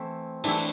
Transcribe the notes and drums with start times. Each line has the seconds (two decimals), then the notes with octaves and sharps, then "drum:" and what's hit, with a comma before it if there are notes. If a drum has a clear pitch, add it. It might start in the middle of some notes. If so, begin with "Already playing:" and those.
Already playing: E3 A3 C4 E4
0.44 E3 A3 D4 E4, drum: open hi-hat